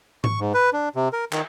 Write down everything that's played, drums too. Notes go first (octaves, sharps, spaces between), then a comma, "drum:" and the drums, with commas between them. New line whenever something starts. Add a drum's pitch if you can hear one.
C#6, drum: tom G#2
G#2
B4
D4
C3
A#4
D#3, drum: clap